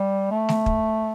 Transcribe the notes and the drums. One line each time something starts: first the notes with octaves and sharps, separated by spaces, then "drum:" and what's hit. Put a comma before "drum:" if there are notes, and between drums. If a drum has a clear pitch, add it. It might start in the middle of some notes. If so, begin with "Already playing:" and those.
Already playing: G3
A3
drum: snare A3
drum: kick